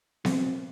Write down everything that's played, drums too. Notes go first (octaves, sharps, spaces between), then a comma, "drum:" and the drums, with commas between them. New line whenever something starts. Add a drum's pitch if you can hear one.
C4, drum: snare B3